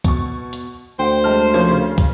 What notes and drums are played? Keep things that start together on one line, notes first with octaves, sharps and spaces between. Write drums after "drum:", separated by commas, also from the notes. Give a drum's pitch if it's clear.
B2 C#6, drum: kick, hi-hat
drum: hi-hat
D2 C5 F#5 G5
G#3 A5 F6
F3 A#3 C#4
C#3
drum: kick, hi-hat